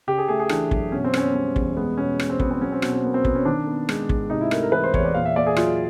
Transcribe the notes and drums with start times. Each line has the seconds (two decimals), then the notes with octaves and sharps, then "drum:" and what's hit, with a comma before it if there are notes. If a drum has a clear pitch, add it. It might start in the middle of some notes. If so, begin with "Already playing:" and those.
0.07 C#3 G4
0.18 G#4
0.28 A3 G#4
0.40 G#4
0.49 E3 D4, drum: rim click
0.71 F#2, drum: kick
0.92 B2 C#4
1.04 C4
1.14 B3 C#4, drum: rim click
1.34 G3 C4
1.56 E2, drum: kick
1.77 G#3 B3
1.98 B2 C#4
2.20 B3, drum: rim click
2.30 C4
2.40 B2 B3, drum: kick
2.51 C4
2.61 F#3 C#4
2.72 C4
2.82 B2, drum: rim click
2.93 C4
3.03 A#3 B3
3.14 C4
3.25 B2 B3, drum: kick
3.35 C#4
3.45 D#3 D4
3.67 B3
3.89 G#3, drum: rim click
4.09 G#2, drum: kick
4.30 C3 D#4
4.41 E4
4.51 A3 A#4, drum: rim click
4.63 A#4
4.72 E3 B4
4.84 C5
4.94 E2 C#5, drum: kick
5.05 D5
5.14 A#2 F5
5.26 E5
5.36 A#3 D5
5.46 G#4
5.56 F#3 F4, drum: rim click